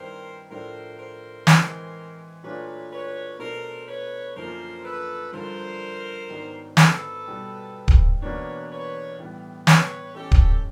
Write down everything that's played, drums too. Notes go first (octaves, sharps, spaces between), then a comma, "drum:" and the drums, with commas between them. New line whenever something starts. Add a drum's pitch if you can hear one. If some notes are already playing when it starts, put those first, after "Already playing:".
Already playing: G2 D#3 G3 C4 E4 A#4 C5
A2 F3 A3 D4 A#4 C5
A#4 C5
E3 G#3 C4, drum: snare
A#2 F#3 A3 D4 F4 B4 C#5
B4 C#5
B2 F#3 A3 D4 A#4 C5
B4 C#5
F#2 D3 F3 A#3 A#4 C5
A4 B4
G2 D3 F3 A#4 C5
G#2 D#3 F#3 B3 D4
A4 B4, drum: snare
B2 G3 B3
drum: kick D1
E2 B2 F#3 A#3 D4 B4 C#5
B4 C#5
A2 E3 G3 B3
B4 C#5, drum: snare
E3 G#3 C#4 G4 A4
drum: kick D1